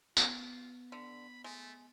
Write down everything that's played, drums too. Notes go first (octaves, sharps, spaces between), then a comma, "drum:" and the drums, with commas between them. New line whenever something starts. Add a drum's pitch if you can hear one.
B3 F4, drum: tambourine
D3 B5
G#3 A3